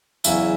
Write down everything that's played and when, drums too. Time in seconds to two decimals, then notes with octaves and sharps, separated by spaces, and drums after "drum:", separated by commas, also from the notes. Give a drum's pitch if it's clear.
0.24 E2 C#3 F#3 E4, drum: tambourine